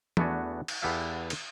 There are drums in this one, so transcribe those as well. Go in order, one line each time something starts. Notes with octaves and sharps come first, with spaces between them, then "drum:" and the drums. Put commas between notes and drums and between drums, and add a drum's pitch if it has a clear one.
E2 A3 B3 D4 F#4 G#5, drum: tom E3
drum: cymbal
E2 B3 G4 A4 E5 F5
drum: cymbal